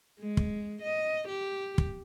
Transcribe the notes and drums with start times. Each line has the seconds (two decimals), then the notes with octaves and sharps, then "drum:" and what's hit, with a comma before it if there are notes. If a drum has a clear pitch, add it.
0.20 G#3
0.37 drum: kick
0.83 D#5
1.29 G4
1.78 drum: kick